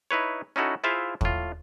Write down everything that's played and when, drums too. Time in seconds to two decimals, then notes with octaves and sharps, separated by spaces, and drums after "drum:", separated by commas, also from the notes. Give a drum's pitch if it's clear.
0.11 D#4 E4 B4 C#5
0.56 C#4 D#4 E4 F#4 A4
0.84 E4 F4 G#4 C5 E5 F5
1.21 A2 F4, drum: kick